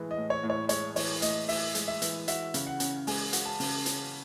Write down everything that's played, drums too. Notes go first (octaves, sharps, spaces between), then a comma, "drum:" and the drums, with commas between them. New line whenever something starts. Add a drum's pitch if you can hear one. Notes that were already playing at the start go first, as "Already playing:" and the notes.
Already playing: A2 E3 G#3
D#5
A2
C#5
A2
C#5
G#3 C#5, drum: hi-hat
E3 C#5, drum: open hi-hat
A2 D#5, drum: hi-hat
A2 E5, drum: open hi-hat
G#3, drum: hi-hat
E5
E3, drum: hi-hat
F#4 E5, drum: hi-hat
C#3, drum: hi-hat
F#5
C#4, drum: hi-hat
G#3 G#5, drum: open hi-hat
F#4, drum: hi-hat
A5
C#3, drum: open hi-hat
C#4, drum: hi-hat